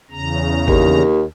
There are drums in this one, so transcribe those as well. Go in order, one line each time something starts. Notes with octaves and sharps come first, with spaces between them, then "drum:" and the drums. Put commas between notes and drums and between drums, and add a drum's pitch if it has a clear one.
E2 C#3 A#5
D#2, drum: kick G1